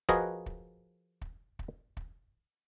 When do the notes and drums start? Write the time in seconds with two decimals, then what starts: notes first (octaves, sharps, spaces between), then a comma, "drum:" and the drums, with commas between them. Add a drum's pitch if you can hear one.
0.09 F3 F#4 G#4 A#4 B4 D#5, drum: kick
0.46 drum: kick
1.21 drum: kick
1.59 drum: kick
1.97 drum: kick